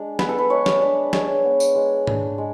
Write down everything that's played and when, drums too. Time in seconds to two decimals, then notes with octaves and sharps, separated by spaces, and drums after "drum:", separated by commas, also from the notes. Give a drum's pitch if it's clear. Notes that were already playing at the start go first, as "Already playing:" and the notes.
Already playing: G#3 D4
0.19 B3 B4, drum: snare
0.29 A4
0.38 B4
0.50 G#3 C#5
0.66 drum: snare
0.82 D4 D5
1.13 G#3 C#5, drum: snare
1.45 B3
1.60 drum: tambourine
1.75 G#3
2.07 D4, drum: tom G#2
2.38 G#3